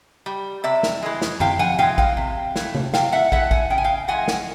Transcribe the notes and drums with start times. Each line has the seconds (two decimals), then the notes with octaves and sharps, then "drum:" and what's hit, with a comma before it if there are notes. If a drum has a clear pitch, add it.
0.26 G3
0.64 C3 D5 E5
0.83 drum: snare
1.02 E3 G#3
1.21 drum: snare
1.40 C3 F5 G5, drum: tom
1.59 F#5 G#5, drum: tom
1.79 E3 G#3 F5 G5, drum: tom C3
1.98 F5 G5, drum: kick
2.17 C3
2.56 E3 A3, drum: snare
2.75 drum: tom C3
2.94 C3 F5 G5, drum: snare
3.12 E5 F#5
3.32 E3 A3 E5 F#5, drum: kick
3.51 F#5 G#5, drum: kick
3.70 C#3 G5
3.78 G#5
3.84 F5 G5
4.08 E3 G#3 F#5 G#5
4.28 drum: snare